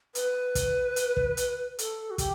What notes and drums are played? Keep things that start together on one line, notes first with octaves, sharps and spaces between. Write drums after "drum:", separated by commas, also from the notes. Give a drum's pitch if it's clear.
B4, drum: hi-hat
drum: kick, hi-hat
drum: hi-hat
drum: kick
drum: hi-hat
A4, drum: hi-hat
F#4
G4, drum: kick, hi-hat